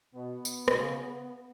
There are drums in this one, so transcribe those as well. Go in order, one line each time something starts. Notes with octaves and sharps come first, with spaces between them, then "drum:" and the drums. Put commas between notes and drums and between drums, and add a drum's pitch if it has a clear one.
B2 B3
drum: tambourine
B2, drum: rim click
C#3